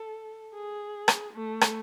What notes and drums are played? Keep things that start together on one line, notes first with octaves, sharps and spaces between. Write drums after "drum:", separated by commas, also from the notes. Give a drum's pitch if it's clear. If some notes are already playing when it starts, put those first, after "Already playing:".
Already playing: A4
G#4
drum: rim click
A3
drum: rim click